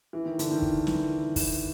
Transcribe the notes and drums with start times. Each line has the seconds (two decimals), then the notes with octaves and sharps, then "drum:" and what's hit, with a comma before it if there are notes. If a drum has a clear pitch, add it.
0.13 E3
0.26 D#3
0.39 D3, drum: hi-hat
0.51 D#3
0.62 drum: kick
0.87 E3, drum: snare
1.36 drum: kick, open hi-hat